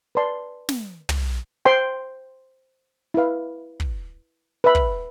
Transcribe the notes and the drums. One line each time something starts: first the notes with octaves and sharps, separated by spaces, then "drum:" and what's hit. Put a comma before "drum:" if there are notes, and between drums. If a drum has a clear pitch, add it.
B4 D5 A5 C6
drum: snare
drum: tom
C5 G5 C6
E4 B4 F5
drum: kick
B4 E5 B5
drum: kick